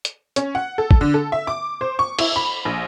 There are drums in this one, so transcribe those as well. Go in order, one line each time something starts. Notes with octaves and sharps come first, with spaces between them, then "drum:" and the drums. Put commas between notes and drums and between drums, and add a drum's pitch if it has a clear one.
drum: hi-hat
C#4, drum: hi-hat
F#5
A4
drum: kick
D3
A4
E5
D6
C5
C#6
E4, drum: cymbal
B5
A#1